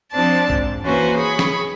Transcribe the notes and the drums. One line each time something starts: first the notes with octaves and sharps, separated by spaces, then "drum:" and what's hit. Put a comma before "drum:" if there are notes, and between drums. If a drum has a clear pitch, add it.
F3 C4 D4 D5 A5
G#2, drum: kick B1
E3 A#3 C#4 F#4 B4 C5
G#4 B5 C#6
drum: snare